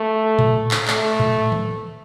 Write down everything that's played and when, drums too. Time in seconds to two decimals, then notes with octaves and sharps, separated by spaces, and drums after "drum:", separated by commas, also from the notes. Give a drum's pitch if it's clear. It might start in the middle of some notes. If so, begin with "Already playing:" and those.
Already playing: A3
0.39 drum: tom A2
0.71 drum: clap
0.88 A3, drum: clap
1.20 drum: tom A2
1.52 drum: tom D#3